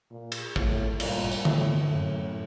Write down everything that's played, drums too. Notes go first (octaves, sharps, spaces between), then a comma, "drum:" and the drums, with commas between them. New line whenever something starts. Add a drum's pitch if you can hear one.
A#2
drum: cymbal
A2, drum: kick
G2 A#2, drum: cymbal
drum: tambourine
A2, drum: tom D3
F#2 A2